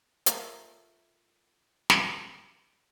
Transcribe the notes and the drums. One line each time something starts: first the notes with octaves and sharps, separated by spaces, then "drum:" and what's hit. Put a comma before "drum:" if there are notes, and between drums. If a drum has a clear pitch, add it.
F4 A4 A#4 E5, drum: hi-hat
drum: snare